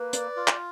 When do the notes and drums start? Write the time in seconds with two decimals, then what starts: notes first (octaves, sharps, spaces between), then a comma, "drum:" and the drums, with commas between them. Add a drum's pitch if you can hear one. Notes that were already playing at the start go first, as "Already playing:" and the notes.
Already playing: A#3 B4
0.13 D5, drum: hi-hat
0.36 F4
0.48 drum: clap